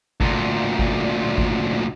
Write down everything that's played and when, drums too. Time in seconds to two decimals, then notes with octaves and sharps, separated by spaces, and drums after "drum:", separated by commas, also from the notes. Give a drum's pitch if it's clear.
0.21 D2 A#2, drum: kick G#1
0.79 drum: kick G#1
1.38 drum: kick G#1